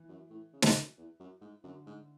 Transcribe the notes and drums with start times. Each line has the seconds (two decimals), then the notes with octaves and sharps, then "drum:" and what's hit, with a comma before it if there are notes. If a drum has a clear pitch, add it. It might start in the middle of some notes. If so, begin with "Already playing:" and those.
Already playing: E3
0.09 F#2
0.30 A2
0.53 C#3
0.62 drum: snare
0.76 F#2
0.98 E2
1.20 F#2
1.41 G#2
1.64 F#2 D3
1.87 G#2